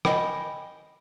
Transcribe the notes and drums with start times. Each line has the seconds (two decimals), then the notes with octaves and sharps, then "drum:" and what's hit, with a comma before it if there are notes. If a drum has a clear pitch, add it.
0.05 D#5 G5 G#5 B5, drum: rim click